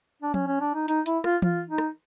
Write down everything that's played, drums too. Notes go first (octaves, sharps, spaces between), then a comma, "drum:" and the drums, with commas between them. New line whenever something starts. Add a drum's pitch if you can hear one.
D4
C#4, drum: tom F3
C#4
D4
D#4
D#4, drum: hi-hat
E4, drum: hi-hat
F4, drum: rim click
F4, drum: tom E3
D#4
drum: rim click